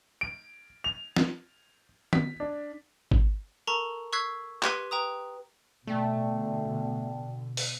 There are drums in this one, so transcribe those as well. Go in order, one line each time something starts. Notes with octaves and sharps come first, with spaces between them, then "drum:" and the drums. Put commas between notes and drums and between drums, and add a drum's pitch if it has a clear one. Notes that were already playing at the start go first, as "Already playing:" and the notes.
D7
F7
drum: snare
B6, drum: tom D#3
D4
drum: kick G#1
A4 A#4 A5 A#5 C#6
C#6 E6 F#6 G#6 B6 C7
G4 B4 C6 G#6 B6 D#7, drum: clap
B4 G5 A#5 D#6
B2 D3 A3 D5 G5 A5
drum: open hi-hat